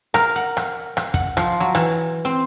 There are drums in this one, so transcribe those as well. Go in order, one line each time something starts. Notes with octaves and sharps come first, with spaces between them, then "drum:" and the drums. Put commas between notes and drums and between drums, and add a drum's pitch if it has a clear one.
A#4, drum: rim click
F#5
drum: rim click
drum: rim click
F#5, drum: kick
F3, drum: rim click
F#3
E3, drum: rim click
C4